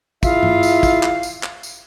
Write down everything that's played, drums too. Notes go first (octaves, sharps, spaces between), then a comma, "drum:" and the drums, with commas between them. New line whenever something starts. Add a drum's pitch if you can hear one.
E4 F4 G#4 E5 F5, drum: kick, tambourine
drum: tom
drum: tambourine
drum: kick, tambourine
drum: clap
drum: tambourine
drum: clap
drum: tambourine